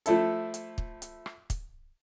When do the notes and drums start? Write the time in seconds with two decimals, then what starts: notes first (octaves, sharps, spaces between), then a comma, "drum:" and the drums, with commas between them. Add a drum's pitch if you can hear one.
0.06 F3 A3 E4 A4, drum: hi-hat
0.54 drum: hi-hat
0.78 drum: kick
1.02 drum: hi-hat
1.26 drum: rim click
1.50 drum: kick, hi-hat